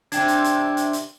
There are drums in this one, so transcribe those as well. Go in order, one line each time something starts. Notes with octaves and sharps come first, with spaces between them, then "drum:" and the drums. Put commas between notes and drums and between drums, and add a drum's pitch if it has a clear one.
C3 D4 G5 G#6, drum: hi-hat
drum: hi-hat
drum: hi-hat
drum: hi-hat
drum: hi-hat